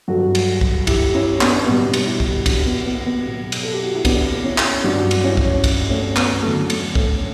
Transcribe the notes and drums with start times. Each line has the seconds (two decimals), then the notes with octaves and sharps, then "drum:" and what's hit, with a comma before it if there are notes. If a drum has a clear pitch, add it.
0.08 G2 F#3 F#4 A4
0.35 drum: cymbal
0.61 drum: kick
0.87 E4 G4, drum: kick, cymbal
1.14 C#4 E4
1.41 B3 D4, drum: clap
1.66 B2 G3 B3
1.94 drum: cymbal
2.07 E4 G4
2.20 drum: kick
2.46 D4 F#4, drum: kick, cymbal
2.66 B3
2.86 B3
3.07 B3
3.26 B2 F#3
3.52 drum: cymbal
3.63 A4
3.73 G4
3.84 F#4
3.95 E4
4.05 B3 D4, drum: kick, cymbal
4.44 C#4 E4
4.58 drum: clap
4.84 G2 F#3 D4 F#4
5.11 drum: cymbal
5.24 C#4 E4
5.37 drum: kick
5.64 drum: kick, cymbal
5.90 A3 C#4
6.16 B3, drum: clap
6.43 E2 D3 F#3 A3
6.70 A3, drum: cymbal
6.95 A3 C#4, drum: kick